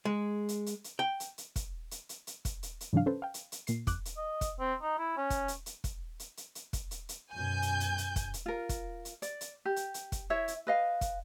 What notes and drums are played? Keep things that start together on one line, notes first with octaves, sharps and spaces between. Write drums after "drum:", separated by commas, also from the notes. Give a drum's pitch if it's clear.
G#3
drum: hi-hat
drum: hi-hat
drum: hi-hat
G5
drum: hi-hat
drum: hi-hat
drum: kick, hi-hat
drum: hi-hat
drum: hi-hat
drum: hi-hat
drum: kick, hi-hat
drum: hi-hat
drum: hi-hat
G#2 C#3 E3 F#3 D4 F5
C#4 A4 B4 C5
F5 G5
drum: hi-hat
drum: hi-hat
A#2 C7, drum: hi-hat
F2 D6 F#6, drum: kick, hi-hat
drum: hi-hat
D#5
drum: kick, hi-hat
C4
D#4
E4
C#4
drum: kick, hi-hat
drum: hi-hat
drum: hi-hat
drum: kick, hi-hat
drum: hi-hat
drum: hi-hat
drum: hi-hat
drum: kick, hi-hat
drum: hi-hat
drum: hi-hat
F#2 B2 G#5 G6
drum: hi-hat
drum: hi-hat
drum: hi-hat
drum: kick, hi-hat
drum: hi-hat
F4 A#4
drum: kick, hi-hat
drum: hi-hat
D5, drum: hi-hat
drum: hi-hat
G4
drum: hi-hat
drum: hi-hat
drum: kick, hi-hat
E4 C#5 E5
drum: hi-hat
B4 D#5 F5
drum: kick, hi-hat